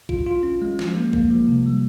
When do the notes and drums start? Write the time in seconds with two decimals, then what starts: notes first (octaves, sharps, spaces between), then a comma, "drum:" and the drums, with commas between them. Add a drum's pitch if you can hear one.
0.09 F4, drum: kick A1
0.26 F4
0.43 C#4
0.62 G#3
0.79 F3, drum: snare
0.96 A#3
1.13 A#3, drum: kick A1
1.31 F3
1.48 C3
1.66 G3